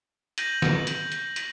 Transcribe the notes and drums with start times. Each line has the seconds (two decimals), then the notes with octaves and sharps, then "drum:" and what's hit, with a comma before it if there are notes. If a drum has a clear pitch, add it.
0.38 G6 A#6 D#7 F#7, drum: hi-hat
0.62 drum: snare
0.87 drum: hi-hat
1.12 drum: hi-hat
1.36 drum: hi-hat